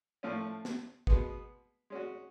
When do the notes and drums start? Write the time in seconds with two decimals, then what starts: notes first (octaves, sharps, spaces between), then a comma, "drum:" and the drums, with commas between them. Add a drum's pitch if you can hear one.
0.23 A2 F3 A3 C#4 F4
0.65 drum: snare
1.07 B2 G#3 B3, drum: kick
1.90 G#3 C#4 F#4